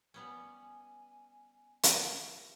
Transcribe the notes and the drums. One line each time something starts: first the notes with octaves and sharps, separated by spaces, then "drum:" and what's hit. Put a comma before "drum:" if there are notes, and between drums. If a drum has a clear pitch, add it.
G3 B3 C#4 G#5
drum: hi-hat